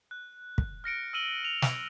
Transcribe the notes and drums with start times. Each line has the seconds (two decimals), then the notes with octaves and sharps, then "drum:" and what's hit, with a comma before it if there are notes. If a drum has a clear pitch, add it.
0.11 F#6
0.58 drum: kick
0.84 F6 A#6 C#7 D7
1.13 E6 F6 D#7 F#7 G7
1.45 F7
1.62 drum: snare